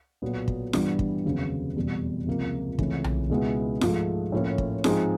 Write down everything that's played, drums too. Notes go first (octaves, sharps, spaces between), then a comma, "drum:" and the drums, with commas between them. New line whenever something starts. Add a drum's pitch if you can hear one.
B1 A#2 F#3 B3
drum: kick
G2 E3 G3 B3 D4, drum: snare F4
drum: kick
F1 D#2 C#3 F#3 B3
F1 E2 B2 G3
C#2 C3 F3 A#3
C#2 C3 E3 A3 C#4, drum: kick
drum: tom B1
C#2 B2 G#3 B3 E4
G#2 F3 A3, drum: snare F4
A2 F3 A#3 C#4
drum: kick
G#2 F3 G#3 C4 D#4, drum: snare F4